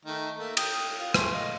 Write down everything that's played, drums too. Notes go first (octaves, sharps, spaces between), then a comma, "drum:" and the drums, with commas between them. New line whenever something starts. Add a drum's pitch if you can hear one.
D#3 A3
A3 A#3
G5 D#6, drum: cymbal
F4
A3 G#4 C6, drum: rim click
D#5 F5